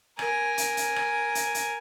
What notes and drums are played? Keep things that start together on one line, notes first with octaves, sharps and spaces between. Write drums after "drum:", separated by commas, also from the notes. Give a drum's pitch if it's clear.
A#4 G#5, drum: rim click
drum: hi-hat
drum: hi-hat
drum: rim click
drum: hi-hat
drum: hi-hat